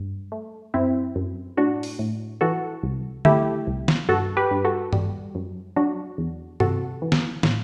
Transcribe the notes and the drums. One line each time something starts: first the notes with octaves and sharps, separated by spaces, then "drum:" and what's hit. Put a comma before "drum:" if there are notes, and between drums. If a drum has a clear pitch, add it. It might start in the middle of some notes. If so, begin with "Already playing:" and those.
Already playing: G2
A3
F#2 C4 E4
F#2
A2 D4 F#4
drum: open hi-hat
A2
E3 F#4 A4
C2
A3 E4 G4, drum: tom D3
C2
drum: snare
G2 F#4 A4
G4 B4
G2
F#4 A4
G3, drum: tom G2
F#2
F#3 D4 F#4
E2
C3 F#4 A4, drum: tom G2
E3
drum: snare
A2, drum: snare